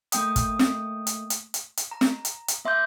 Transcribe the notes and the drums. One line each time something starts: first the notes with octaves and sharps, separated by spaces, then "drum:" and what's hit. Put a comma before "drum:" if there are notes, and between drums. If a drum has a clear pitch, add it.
A3 A#3 G5 D#6, drum: hi-hat
drum: kick, hi-hat
drum: snare
drum: hi-hat
drum: hi-hat
drum: hi-hat
drum: hi-hat
A#5
drum: snare
drum: hi-hat
drum: hi-hat
A#3 E5 C6 D6 G6